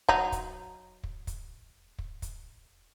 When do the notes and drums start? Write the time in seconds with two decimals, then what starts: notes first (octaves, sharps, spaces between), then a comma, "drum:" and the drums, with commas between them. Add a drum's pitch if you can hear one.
0.09 F#3 D#4, drum: kick
0.32 drum: kick, hi-hat
1.04 drum: kick
1.27 drum: kick, hi-hat
1.99 drum: kick
2.22 drum: kick, hi-hat